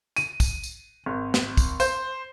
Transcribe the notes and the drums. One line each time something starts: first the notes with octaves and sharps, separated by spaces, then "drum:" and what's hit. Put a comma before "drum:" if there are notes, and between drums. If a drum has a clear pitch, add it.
D#7, drum: tambourine
drum: kick, tambourine
drum: tambourine
G#1
drum: snare
drum: kick, tambourine
C5, drum: tambourine